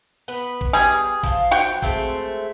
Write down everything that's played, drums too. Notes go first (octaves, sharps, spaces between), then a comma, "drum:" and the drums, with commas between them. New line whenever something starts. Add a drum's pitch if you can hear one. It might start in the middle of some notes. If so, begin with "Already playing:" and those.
B3 B4
drum: kick
G3 G#4
F3 F4, drum: kick
F#4 G5
G#3 A3 C4, drum: kick